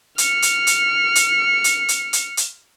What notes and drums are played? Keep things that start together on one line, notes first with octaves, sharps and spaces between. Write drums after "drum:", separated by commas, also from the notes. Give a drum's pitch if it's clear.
F6 C#7, drum: hi-hat
drum: hi-hat
drum: hi-hat
drum: hi-hat
drum: hi-hat
drum: hi-hat
drum: hi-hat
drum: hi-hat